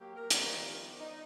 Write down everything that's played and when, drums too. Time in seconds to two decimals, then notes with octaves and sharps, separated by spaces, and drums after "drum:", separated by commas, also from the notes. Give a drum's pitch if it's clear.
0.01 F#3 A#3 G4
0.16 A#4
0.30 D#3 F3 G3 B3 D5, drum: hi-hat
1.01 D#4